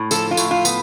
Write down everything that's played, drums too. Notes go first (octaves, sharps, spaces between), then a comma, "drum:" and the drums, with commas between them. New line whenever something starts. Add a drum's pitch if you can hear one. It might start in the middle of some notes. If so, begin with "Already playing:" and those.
Already playing: A2
F3 A4, drum: tambourine
F4
A2, drum: tambourine
F4
B3, drum: tambourine